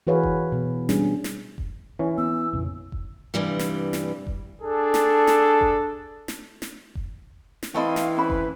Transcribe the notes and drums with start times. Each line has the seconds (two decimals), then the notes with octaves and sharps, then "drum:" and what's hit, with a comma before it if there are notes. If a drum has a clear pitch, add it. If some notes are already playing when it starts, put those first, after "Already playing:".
0.07 E3 F#4 G#4 B4 C#5 F5
0.23 drum: kick F1
0.52 B2
0.89 G3 C#4 D4 G#4, drum: snare
1.24 drum: snare
1.58 drum: kick F1
1.99 E3 C#4
2.18 B3 E6
2.53 A#1 F2 C#3
2.92 drum: kick F1
3.34 G2 C3 E3 G3
3.59 drum: snare
3.93 drum: snare
4.27 drum: kick F1
4.62 D4 G#4 A4
4.94 drum: snare
5.27 drum: snare
5.61 drum: kick F1
6.28 drum: snare
6.62 drum: snare
6.95 drum: kick F1
7.63 drum: snare
7.74 E3 A3 C4 D#5 F5 G5 B5
7.96 drum: snare
8.17 C#4 B4 C5 B5
8.30 drum: kick F1